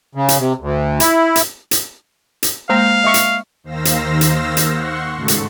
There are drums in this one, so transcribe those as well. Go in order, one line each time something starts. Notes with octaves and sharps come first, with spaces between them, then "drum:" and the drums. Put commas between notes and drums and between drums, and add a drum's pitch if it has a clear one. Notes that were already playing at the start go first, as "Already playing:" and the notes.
C#3
drum: hi-hat
C3
D2
E4, drum: hi-hat
drum: hi-hat
drum: hi-hat
drum: hi-hat
G#3 A#3 C5 F5 G5 A#5
D#5 E5 C#6
drum: hi-hat
D#2 D#3 C5 F5 E6 A#6
drum: hi-hat
drum: hi-hat
drum: hi-hat
F#5 C6 C#6
G#2 C#3 A3 F#4 A4
drum: hi-hat